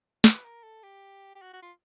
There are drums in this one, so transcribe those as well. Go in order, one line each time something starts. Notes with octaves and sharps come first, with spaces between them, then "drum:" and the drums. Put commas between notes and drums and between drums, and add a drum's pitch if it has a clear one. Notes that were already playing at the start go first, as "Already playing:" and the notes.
B4, drum: snare
A#4
A4
G4
G4
F#4
F#4
F4